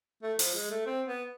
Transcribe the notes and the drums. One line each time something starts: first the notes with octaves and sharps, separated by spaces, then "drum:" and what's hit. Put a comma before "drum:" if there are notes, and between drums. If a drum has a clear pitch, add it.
A3
F3, drum: open hi-hat
G#3
A3
C4
B3